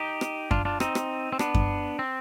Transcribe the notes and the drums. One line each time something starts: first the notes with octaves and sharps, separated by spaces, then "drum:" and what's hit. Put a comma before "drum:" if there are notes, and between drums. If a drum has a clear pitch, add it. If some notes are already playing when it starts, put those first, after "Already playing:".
Already playing: D#4 G4
drum: rim click
D4 F4, drum: kick F#2
D4 F4
C4 D#4, drum: rim click
drum: rim click
C4
B3 D4, drum: rim click
drum: kick F#2
C4